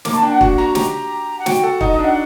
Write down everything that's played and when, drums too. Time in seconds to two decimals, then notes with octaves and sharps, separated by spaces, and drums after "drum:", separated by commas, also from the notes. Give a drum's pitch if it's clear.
0.05 A#3 D6, drum: snare
0.14 A5
0.22 D4 G5
0.32 F#5
0.41 F#4, drum: kick
0.58 F#4 A#5
0.75 G4 A#5, drum: snare
1.39 F#5
1.46 F#4 G5, drum: snare
1.63 A4 F#5
1.81 D#4 D#5, drum: kick
1.93 D#5
1.99 D4
2.04 F#5